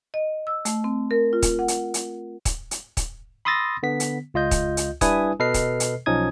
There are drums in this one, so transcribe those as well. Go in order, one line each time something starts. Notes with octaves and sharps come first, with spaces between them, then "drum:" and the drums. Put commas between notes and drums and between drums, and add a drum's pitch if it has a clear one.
D#5
E6
A3, drum: hi-hat
C4
A#4
F4
drum: kick, hi-hat
F#5
drum: hi-hat
drum: hi-hat
drum: kick, hi-hat
drum: hi-hat
drum: kick, hi-hat
B5 C6 D#6 E6 A6 A#6
D3 B3 B6
drum: hi-hat
C#2 F4 D#5 G6
drum: kick, hi-hat
drum: hi-hat
G3 D4 E4 B4 G#5 D#6, drum: kick, hi-hat
B2 A4 B4 D#5 F6 C7
drum: kick, hi-hat
drum: hi-hat
B1 F3 C#4 D#4 D#6 G#6